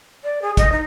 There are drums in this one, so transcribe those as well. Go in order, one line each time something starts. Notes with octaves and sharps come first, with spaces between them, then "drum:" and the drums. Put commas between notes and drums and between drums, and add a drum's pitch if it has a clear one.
D5
G#4
D#5, drum: kick, hi-hat
D#4